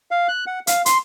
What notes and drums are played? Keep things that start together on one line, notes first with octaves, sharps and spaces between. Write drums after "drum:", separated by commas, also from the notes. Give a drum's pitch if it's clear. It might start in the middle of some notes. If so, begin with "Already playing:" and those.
F5
F#6
F#5
F5, drum: hi-hat
C6, drum: hi-hat